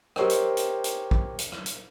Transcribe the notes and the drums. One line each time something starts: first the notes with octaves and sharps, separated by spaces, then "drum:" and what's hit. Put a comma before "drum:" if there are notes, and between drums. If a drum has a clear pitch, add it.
G4 A#4 C5 C#5 D#5 G5, drum: rim click
drum: hi-hat
drum: hi-hat
drum: hi-hat
drum: kick
drum: hi-hat
drum: rim click
drum: hi-hat